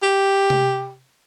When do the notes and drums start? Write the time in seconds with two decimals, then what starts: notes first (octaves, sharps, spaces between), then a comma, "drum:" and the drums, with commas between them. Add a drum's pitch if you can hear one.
0.03 G4
0.50 drum: tom C3